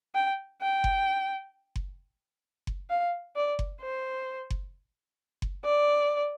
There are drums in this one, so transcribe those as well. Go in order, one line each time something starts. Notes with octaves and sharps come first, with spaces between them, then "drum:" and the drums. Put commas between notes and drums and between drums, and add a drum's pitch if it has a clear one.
G5
G5
drum: kick F#1
drum: kick F#1
drum: kick F#1
F5
D5
drum: kick F#1
C5
drum: kick F#1
drum: kick F#1
D5